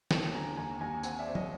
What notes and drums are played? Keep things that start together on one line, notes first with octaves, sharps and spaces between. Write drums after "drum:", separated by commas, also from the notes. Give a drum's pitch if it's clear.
D#2 G5 A5, drum: snare
D3 G#5 A#5
D#2 G#5 A#5
D#2 G#5 A#5
C4 F#5 G#5, drum: tambourine
D5 E5
C4
C#5 D#5, drum: tom